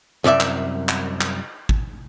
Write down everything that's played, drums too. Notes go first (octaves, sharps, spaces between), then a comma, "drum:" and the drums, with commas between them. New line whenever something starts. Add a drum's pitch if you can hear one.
C2 F#2 D5 E5
drum: clap
drum: clap
drum: clap
drum: kick G#1